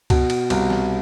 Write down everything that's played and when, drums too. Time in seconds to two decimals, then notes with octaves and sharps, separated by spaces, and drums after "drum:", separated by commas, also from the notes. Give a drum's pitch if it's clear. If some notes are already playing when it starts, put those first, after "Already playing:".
0.10 B2, drum: kick C#2, cymbal
0.30 drum: cymbal
0.50 C2, drum: cymbal
0.70 drum: snare